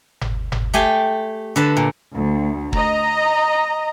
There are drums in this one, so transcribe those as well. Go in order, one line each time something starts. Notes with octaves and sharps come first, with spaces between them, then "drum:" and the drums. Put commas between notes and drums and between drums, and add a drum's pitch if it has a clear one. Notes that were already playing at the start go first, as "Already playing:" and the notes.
drum: tom G1
drum: tom G1
A3 G4 G#5 C6
D3 B4 A5
A#2
D2
D#5 A#5, drum: kick